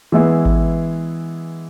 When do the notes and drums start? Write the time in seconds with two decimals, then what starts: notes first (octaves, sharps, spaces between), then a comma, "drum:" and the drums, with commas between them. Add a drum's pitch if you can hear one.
0.12 E3 G#3 B3 E4 G#4
0.45 drum: kick G#1